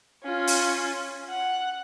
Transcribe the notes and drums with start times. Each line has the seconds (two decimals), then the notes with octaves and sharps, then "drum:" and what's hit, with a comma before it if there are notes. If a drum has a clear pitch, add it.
0.23 C#4 F4
0.47 drum: open hi-hat
1.29 F#5